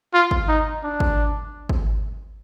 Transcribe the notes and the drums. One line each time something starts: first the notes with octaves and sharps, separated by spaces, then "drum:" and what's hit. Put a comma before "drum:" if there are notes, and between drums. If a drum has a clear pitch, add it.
F4
drum: kick G#1
D#4
D4
drum: kick G#1
drum: kick G#1